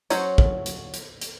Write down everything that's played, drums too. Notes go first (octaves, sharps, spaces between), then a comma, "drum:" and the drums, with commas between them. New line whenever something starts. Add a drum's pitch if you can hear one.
F#3 C#4 C5 C#5, drum: hi-hat
drum: kick
drum: hi-hat
drum: hi-hat
drum: hi-hat